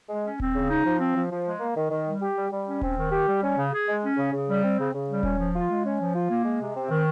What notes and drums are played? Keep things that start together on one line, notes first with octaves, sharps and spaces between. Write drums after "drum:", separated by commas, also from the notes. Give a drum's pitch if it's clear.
G#3
C#4
C4, drum: kick D#1
C#3
D#4
F3
C4
F3
F3
G#3
A#3
D#3
D#3
G3
G4
G3
G3
C#4
C4, drum: kick D#1
D#3
G4
G3
C#4
C#3
G#4
G#3
C#4
C#3
C#3
G3
C4
C#3
C#3
G3
C#4, drum: kick D#1
F3
F4
G#3
C#4
F3
F4
A#3
G#3
C3
C4
D#3